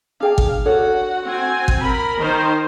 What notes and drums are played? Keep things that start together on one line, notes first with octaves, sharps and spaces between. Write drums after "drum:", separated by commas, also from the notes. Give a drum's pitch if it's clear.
D4 G#4 F5 G5
drum: kick
D4 F#4 A4 C#5 F#5
C4 G#5
drum: kick
A#4 B5
D#3 D#4 C5